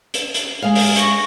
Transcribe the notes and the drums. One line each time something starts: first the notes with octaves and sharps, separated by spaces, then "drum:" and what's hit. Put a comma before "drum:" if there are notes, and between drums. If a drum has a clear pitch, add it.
drum: hi-hat
drum: hi-hat
G#3 F5
drum: open hi-hat
C#6 A#6, drum: hi-hat